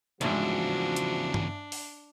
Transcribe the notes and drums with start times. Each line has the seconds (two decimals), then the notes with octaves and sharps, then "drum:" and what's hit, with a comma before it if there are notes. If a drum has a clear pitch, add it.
0.21 A1 E2 G#2 C#3 F3 D4 F#4, drum: hi-hat
0.96 drum: hi-hat
1.34 drum: tom G2
1.72 drum: open hi-hat